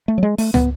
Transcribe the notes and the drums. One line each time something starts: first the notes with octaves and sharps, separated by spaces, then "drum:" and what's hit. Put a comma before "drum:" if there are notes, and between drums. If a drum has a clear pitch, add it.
A3
F#3
G#3
A3, drum: open hi-hat
B3, drum: tom